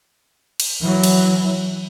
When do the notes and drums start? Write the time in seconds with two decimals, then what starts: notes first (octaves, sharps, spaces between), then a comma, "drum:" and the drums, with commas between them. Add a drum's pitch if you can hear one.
0.60 drum: cymbal
0.82 E3 F#3
1.04 drum: cymbal